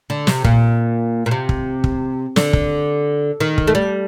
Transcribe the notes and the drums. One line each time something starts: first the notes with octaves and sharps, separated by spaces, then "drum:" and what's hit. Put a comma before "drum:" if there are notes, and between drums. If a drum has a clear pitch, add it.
D3
C3, drum: snare
A#2, drum: kick
A#2
C3
drum: kick
drum: kick
D3, drum: snare
drum: kick
D#3
drum: kick
A3
G3